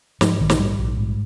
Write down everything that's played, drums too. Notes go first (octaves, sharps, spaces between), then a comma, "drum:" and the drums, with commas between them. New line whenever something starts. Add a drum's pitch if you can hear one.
G#2 F3, drum: snare
A#1 D#3
drum: snare
G#2 G3
A#1
G#2